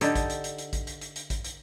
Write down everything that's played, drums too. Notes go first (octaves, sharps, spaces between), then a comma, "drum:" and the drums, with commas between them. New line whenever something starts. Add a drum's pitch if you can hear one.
D3 D#4 G4 A4, drum: hi-hat
drum: kick A#1, hi-hat
drum: hi-hat
drum: hi-hat
drum: hi-hat
drum: kick A#1, hi-hat
drum: hi-hat
drum: hi-hat
drum: hi-hat
drum: kick A#1, hi-hat
drum: hi-hat